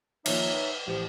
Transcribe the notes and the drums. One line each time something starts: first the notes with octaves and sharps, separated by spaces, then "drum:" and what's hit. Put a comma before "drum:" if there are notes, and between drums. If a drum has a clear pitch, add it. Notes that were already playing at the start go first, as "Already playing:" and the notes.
D#3 F3 A#3 D#4 C#5 E5, drum: cymbal
B4
A1 F3 G4